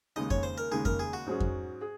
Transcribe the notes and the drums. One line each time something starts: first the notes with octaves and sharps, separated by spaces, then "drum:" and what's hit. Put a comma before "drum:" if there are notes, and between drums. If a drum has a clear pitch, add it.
D#2 C#3 G#3 D#4 D#5
C#5, drum: kick F2
C5
A#4
D#2 C#3 G#3 D#4 G#4
A#4, drum: kick F2
G#4
F#4
G#2 F#3 C#4 G#4
drum: kick F2
G#4